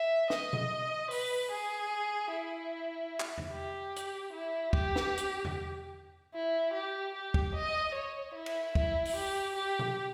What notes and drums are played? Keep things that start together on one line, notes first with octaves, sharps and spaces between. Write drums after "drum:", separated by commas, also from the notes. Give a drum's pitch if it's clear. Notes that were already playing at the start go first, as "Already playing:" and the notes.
Already playing: E5
D#5, drum: snare
drum: tom B2
B4, drum: open hi-hat
G#4
E4
drum: clap
drum: tom E2
G4
drum: hi-hat
E4
G4, drum: kick
drum: snare
drum: hi-hat
drum: tom E2
E4
G4
G4
drum: kick
D#5
C#5
E4
drum: cymbal
E4, drum: kick
drum: open hi-hat
G4
G4
drum: tom B2